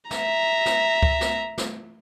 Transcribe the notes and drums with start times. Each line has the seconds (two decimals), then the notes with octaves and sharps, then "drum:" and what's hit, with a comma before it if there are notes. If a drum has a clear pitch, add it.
0.11 E5 A#5, drum: snare
0.66 drum: snare
1.03 drum: kick C#2
1.21 drum: snare
1.58 drum: snare